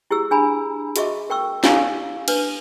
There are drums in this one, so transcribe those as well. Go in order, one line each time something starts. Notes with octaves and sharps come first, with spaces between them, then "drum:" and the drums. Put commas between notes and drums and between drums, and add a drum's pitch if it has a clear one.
E4 G4 G#4 E6
D4 G#4 G#5 A#5 B5
F#4 G#4 D#5 E5 C#6 D6, drum: hi-hat
A#4 G5 C#6 E6
E4 G4 F5 G#5 C#6 D6, drum: snare
D4 B4, drum: cymbal